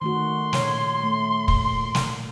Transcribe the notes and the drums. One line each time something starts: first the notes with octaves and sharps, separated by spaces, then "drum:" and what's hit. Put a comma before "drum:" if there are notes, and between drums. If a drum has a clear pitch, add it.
D#3 A3 F#4 C6
A#2 C#5, drum: snare
A3
A#2, drum: kick
drum: snare